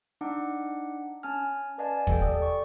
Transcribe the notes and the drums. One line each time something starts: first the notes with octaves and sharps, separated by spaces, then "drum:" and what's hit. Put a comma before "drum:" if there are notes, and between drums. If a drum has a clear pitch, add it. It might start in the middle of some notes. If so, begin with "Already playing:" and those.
D4 D#4 F#5 D6
C#4 G#5 A5 F6
B4 D5 D#5 F5 G#5 A5
G4 A4 G5, drum: kick
A4 D5 D#6
C#6